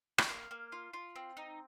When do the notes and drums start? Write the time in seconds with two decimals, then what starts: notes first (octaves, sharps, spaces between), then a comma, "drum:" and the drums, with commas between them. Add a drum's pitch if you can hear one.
0.18 G5, drum: rim click
0.29 A#3 F5
0.51 A#3
0.72 F4
0.93 F4
1.16 C4
1.37 D#4